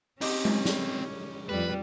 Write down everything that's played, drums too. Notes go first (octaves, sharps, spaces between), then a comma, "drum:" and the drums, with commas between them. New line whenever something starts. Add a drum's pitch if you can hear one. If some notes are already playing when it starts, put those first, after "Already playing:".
C4 C#4 D#4 G4 C#5, drum: open hi-hat
drum: tom G#3
drum: snare
F2 G3 B4